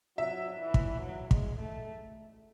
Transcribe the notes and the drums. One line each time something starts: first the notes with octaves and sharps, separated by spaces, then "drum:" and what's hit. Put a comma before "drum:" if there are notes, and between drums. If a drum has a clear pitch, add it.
F#3 E5
E3
drum: kick
F#3
G#3, drum: kick
A3